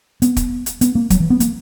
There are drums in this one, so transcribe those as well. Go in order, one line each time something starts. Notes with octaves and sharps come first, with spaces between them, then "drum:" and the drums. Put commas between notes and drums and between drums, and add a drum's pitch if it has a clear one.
B3, drum: hi-hat
drum: kick, hi-hat
drum: hi-hat
B3, drum: hi-hat
A#3
F#3, drum: kick, hi-hat
E3
B3
A#3, drum: hi-hat